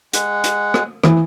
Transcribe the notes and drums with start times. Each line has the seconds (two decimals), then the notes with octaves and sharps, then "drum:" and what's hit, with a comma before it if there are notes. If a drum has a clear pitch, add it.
0.13 G#3 F#5, drum: hi-hat
0.44 drum: hi-hat
0.74 drum: rim click
1.04 E3, drum: rim click